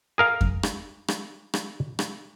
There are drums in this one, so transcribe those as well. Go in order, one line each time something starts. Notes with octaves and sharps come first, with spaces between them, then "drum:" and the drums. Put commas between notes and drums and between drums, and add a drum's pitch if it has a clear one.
G#4 A#4 F5
drum: kick F2
drum: rim click
drum: rim click
drum: rim click
drum: rim click